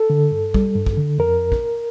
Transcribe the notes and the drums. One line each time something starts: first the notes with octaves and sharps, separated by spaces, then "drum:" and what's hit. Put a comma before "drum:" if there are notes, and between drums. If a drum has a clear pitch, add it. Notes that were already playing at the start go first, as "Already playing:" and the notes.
Already playing: A4
D3
G2
G3, drum: kick
G2
drum: kick
D3
F2 A#4
drum: kick